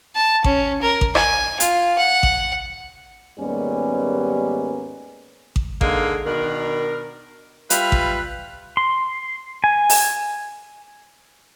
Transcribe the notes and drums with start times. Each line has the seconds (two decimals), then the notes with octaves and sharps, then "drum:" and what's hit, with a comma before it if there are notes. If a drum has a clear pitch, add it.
0.15 A5
0.44 C#4, drum: kick A1
0.82 A#4
1.01 drum: kick A1
1.15 G#5, drum: rim click
1.60 F4, drum: hi-hat
1.98 F#5
2.23 drum: kick A1
3.38 D#2 G#2 G3 A#3 B3 C#4
5.56 drum: kick A1
5.81 D3 G#3 A#3 D#4 G#4, drum: kick A1
6.26 B2 D#3 D4 A#4
7.70 G3 F4 B4 E5 F5, drum: hi-hat
7.92 drum: kick A1
8.77 C6
9.64 G#5
9.89 drum: open hi-hat